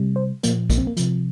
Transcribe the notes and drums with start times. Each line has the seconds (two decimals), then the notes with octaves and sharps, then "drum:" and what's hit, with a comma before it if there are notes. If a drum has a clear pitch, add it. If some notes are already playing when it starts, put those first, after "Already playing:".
Already playing: C3 G3
0.16 C5
0.43 A#2 F3 A#3, drum: hi-hat
0.70 A#3, drum: kick, hi-hat
0.78 C4
0.87 A#3
0.97 C3 F3, drum: hi-hat